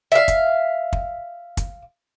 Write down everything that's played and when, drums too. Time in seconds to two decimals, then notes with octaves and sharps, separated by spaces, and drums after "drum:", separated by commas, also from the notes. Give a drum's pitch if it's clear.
0.12 E5 F5
0.28 drum: kick, hi-hat
0.93 drum: kick
1.57 drum: kick, hi-hat